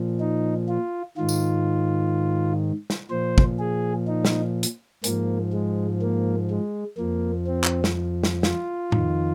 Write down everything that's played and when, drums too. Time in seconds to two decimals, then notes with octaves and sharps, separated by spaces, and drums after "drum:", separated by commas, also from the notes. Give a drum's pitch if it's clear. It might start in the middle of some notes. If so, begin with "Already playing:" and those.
Already playing: A#2 F3
0.20 D#4
0.69 F4
1.17 G#2 D#3 F4
1.29 drum: tambourine
2.90 drum: snare
3.10 A#2 F3 C5
3.38 drum: kick
3.59 G#4
4.07 D#4
4.25 drum: snare
4.63 drum: hi-hat
5.04 G#2 F3 A#3, drum: hi-hat
5.53 G#3
6.02 A#3
6.50 G#3
6.98 F2 F3 A#3
7.47 C4
7.64 drum: clap
7.84 drum: snare
8.23 drum: snare
8.43 F4, drum: snare
8.92 F2 D#3, drum: tom A2